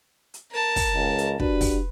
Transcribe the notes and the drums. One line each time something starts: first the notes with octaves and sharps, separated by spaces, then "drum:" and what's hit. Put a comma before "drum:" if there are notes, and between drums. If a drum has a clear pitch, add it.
drum: hi-hat
A#4 A5
drum: kick, open hi-hat
C#2
drum: hi-hat
D4 F#4 G4 B4, drum: kick
drum: kick, open hi-hat